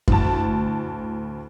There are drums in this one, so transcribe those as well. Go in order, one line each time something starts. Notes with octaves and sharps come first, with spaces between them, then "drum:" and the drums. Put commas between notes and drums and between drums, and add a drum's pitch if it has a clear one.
D2 A2 A5, drum: kick F#2